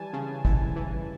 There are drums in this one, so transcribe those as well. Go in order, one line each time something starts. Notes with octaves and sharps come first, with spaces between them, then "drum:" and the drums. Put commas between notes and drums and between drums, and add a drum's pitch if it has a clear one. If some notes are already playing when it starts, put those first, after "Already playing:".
Already playing: E3 G3 G#5 A5
C#3
E3, drum: kick
E3